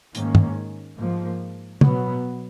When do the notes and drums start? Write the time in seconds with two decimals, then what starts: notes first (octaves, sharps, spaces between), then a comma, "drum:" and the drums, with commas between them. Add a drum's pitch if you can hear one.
0.15 G#2 D#3 A#3 C#4, drum: hi-hat
0.35 drum: tom
0.98 G#2 F3 A#3
1.81 B2 F#3 B3, drum: tom